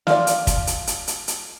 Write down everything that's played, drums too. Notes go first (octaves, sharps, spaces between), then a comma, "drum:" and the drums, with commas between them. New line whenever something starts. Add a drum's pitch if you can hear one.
F4 D5, drum: snare
drum: hi-hat
drum: kick, hi-hat
drum: hi-hat
drum: hi-hat
drum: hi-hat
drum: hi-hat